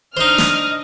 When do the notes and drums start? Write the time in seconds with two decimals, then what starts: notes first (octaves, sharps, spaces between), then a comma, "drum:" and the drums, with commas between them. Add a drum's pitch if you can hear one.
0.17 D4 D#4 C5 D#5 F6
0.38 drum: snare